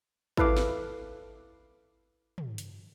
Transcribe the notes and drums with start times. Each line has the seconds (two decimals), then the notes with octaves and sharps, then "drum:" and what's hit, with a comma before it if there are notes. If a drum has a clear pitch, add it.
0.37 E4 A4 B4 F5 D6, drum: kick
0.57 drum: snare
2.38 drum: tom
2.58 drum: hi-hat